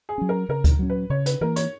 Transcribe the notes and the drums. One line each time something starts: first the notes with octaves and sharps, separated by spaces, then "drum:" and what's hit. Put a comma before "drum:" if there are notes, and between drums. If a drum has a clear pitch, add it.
G#4
F#3 C#4
A#4
C#3 A#4
drum: kick D2, hi-hat
F#3 C#4
B4
C#3 C#5
B4, drum: hi-hat
E3 A#3 A#4
C#5, drum: hi-hat